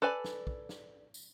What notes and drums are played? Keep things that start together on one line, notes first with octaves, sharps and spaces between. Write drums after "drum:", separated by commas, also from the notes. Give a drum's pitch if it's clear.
A4 B4 D5 G#5
drum: snare
drum: kick
drum: snare
drum: tambourine